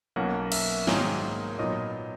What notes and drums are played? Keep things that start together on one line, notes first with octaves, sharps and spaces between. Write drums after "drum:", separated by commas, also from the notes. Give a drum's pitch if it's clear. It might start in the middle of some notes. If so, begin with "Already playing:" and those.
B1 B2 A#3 C#4 F#5
E5, drum: cymbal
G#2 D#3 F#3 A#3 D#4 G#5, drum: snare
A#2 F#3 B3 D#4 D#5